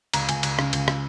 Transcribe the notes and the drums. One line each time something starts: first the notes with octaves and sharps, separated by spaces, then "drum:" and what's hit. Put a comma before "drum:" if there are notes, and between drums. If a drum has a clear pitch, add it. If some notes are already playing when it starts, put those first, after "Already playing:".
C#2 A#5, drum: cymbal
C#2 G#5, drum: cymbal
C#2, drum: cymbal
C#3, drum: rim click
C#2, drum: cymbal
drum: rim click